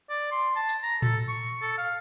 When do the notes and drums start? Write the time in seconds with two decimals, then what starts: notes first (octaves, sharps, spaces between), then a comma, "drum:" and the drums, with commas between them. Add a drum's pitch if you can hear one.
0.10 D5
0.32 C6
0.56 A5
0.69 drum: tambourine
0.83 A#5
1.02 A4, drum: tom A2
1.28 C#6
1.62 A4
1.78 F5